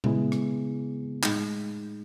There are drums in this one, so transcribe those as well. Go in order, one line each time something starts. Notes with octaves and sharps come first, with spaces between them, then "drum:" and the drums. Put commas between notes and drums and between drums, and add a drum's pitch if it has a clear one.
C#3 G#3 B3 E4 G#4, drum: tom A#2
drum: rim click
A2 G#3 D#4, drum: clap